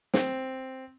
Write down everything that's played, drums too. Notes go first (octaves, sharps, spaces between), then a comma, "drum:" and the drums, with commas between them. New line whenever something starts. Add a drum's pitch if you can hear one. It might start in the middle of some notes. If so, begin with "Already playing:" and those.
C4, drum: snare